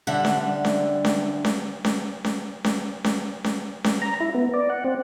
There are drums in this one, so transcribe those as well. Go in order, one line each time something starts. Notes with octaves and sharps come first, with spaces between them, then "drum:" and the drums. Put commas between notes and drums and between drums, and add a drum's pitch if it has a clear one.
D3 G3 D4 E5 F#5
drum: snare C#4
drum: snare C#4
drum: snare C#4
drum: snare C#4
drum: snare C#4
drum: snare C#4
drum: snare C#4
drum: snare C#4
drum: snare C#4
drum: snare C#4
A#5
E4
B3
D5
F#5
C4